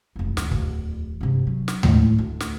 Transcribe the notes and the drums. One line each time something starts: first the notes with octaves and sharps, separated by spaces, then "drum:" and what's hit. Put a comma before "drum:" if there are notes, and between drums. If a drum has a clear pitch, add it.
F1 E3
D1 E2, drum: snare
drum: kick
G2 C3
F#3
drum: snare
C#2 A2, drum: tom D#2
D2
drum: snare